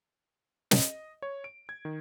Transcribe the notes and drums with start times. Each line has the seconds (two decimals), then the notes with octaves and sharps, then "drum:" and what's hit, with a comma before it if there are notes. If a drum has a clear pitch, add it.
0.71 D#5, drum: snare
1.22 C#5
1.44 D7
1.69 G#6
1.85 D#3